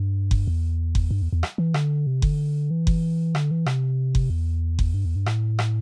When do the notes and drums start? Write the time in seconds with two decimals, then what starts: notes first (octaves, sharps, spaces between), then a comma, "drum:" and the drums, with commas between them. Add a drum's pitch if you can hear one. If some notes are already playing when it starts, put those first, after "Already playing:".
Already playing: G2
0.31 drum: kick F#1
0.47 E2
0.95 drum: kick F#1
1.11 G2
1.22 E2
1.33 E2
1.43 drum: rim click
1.58 E3
1.74 D3, drum: rim click
2.07 C3
2.22 D3, drum: kick F#1
2.71 E3
2.87 drum: kick F#1
3.35 D3, drum: rim click
3.51 E3
3.66 C3, drum: rim click
4.15 drum: kick F#1
4.30 E2
4.79 drum: kick F#1
4.94 G2
5.05 E2
5.16 G2
5.26 A2, drum: rim click
5.59 drum: rim click